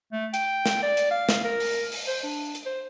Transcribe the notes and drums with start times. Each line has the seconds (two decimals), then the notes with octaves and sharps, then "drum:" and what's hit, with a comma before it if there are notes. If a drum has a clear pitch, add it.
0.12 A3
0.34 G5, drum: hi-hat
0.66 drum: snare
0.83 D5
0.97 drum: hi-hat
1.11 F5
1.29 drum: snare
1.44 A#4
1.60 drum: open hi-hat
1.92 drum: open hi-hat
2.07 C5
2.23 D4
2.55 drum: hi-hat
2.66 C5